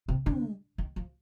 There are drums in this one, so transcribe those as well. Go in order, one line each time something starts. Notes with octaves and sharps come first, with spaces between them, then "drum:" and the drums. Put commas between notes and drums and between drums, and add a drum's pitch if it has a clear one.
C3
D3, drum: tom
D#3
F3